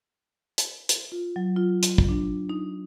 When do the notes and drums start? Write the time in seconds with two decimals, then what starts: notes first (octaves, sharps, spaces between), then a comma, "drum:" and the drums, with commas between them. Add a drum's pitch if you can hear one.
0.58 drum: hi-hat
0.89 drum: hi-hat
1.12 F4
1.36 F#3
1.56 F4
1.83 drum: hi-hat
1.98 drum: kick
2.09 D4
2.49 D#4